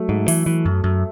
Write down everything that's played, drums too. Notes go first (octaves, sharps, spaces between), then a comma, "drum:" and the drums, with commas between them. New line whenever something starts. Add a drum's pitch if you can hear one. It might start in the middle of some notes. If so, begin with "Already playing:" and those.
Already playing: F#3 A3
G#2
E3, drum: open hi-hat
E3
F#2
F#2